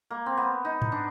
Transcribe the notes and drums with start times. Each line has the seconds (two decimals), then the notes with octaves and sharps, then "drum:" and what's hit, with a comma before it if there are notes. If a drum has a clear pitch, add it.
0.10 A#3
0.26 C4
0.37 B3
0.65 D#4
0.82 drum: tom G#2
0.92 D4